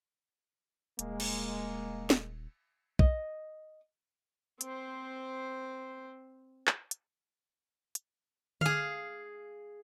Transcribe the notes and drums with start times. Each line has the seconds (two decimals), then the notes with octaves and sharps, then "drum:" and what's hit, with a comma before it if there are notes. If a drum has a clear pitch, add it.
0.99 D#1 G#3 A#3, drum: hi-hat
1.20 drum: cymbal
2.10 drum: snare
2.99 D#5, drum: kick
4.61 C4 C5, drum: hi-hat
6.67 drum: clap
6.91 drum: hi-hat
7.95 drum: hi-hat
8.61 G#4 F5, drum: tom D3